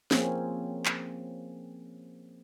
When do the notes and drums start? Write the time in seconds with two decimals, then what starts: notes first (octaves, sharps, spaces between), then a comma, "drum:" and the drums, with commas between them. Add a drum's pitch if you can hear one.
0.11 F3 A#3 C4 C#4 G#4, drum: snare
0.85 drum: clap